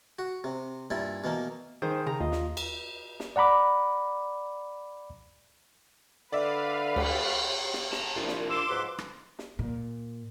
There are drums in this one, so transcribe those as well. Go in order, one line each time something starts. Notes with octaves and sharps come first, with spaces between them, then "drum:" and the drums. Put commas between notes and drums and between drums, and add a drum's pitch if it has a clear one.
F#4
C3
G2 A#2 E4
B2 E3 A#3
D#3 G#4 C5
C#3 A#5
D#2 F4 D#5
drum: snare
drum: cymbal
drum: snare
D5 F#5 A#5 B5 D6
D3 B4 D5 E5 F5
D2, drum: cymbal
drum: snare
A5 A#5, drum: snare
C2 A#2 F3 D4 F4
drum: snare
C6 D6 E6
G#2 F3 F#3 B4
drum: rim click
drum: snare
A#2